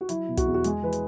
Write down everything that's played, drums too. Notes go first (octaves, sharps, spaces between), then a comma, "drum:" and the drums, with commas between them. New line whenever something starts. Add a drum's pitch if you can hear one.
F#4
F#3 E4, drum: hi-hat
B2
F#4, drum: kick, hi-hat
E2
F#4
G#3 G#4, drum: hi-hat
E3 B4
drum: hi-hat